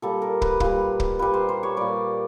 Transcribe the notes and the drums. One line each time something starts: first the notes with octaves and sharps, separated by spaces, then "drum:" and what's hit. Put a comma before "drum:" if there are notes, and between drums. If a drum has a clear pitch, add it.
A#2 G3 A4
A#4
B4, drum: kick
A#2 G3 B4, drum: kick
drum: kick
A#2 G3 B4
C5
C5
C#5
A#2 G3 D5